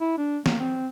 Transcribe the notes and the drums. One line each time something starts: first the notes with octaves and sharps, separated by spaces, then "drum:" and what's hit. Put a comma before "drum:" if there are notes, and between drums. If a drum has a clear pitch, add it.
E4
D4
A#3, drum: snare
C4